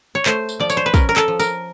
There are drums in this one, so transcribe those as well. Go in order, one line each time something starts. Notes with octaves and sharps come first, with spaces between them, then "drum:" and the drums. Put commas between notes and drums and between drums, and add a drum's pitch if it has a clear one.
C#5
A3 C5, drum: clap
drum: tambourine
F3 D5
C#5, drum: tambourine
C5
B4
C#4 A#4, drum: kick, tambourine
A#4
A4, drum: clap
F3
A#4, drum: tambourine